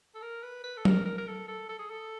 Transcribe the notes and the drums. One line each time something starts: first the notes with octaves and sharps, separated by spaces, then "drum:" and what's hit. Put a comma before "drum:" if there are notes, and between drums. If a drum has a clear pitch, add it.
A4
A#4
B4
B4
A4
A#4, drum: tom F#3
A#4
A#4
A4
A4
A4
G#4
A4